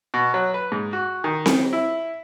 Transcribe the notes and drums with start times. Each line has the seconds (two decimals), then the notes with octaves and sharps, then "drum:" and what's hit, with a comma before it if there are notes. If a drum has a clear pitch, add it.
0.14 B2
0.34 F#3
0.54 B4
0.72 G#2
0.93 F#4
1.24 D#3
1.46 drum: snare C4
1.73 E4